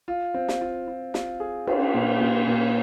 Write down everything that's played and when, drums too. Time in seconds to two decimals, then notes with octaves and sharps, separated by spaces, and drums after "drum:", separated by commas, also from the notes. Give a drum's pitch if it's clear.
0.08 F4
0.34 C4
0.48 drum: snare
0.61 F4
0.88 F4
1.14 F4, drum: snare
1.40 G#4
1.67 F4, drum: cymbal
1.94 A#2
2.20 A#2
2.47 A#2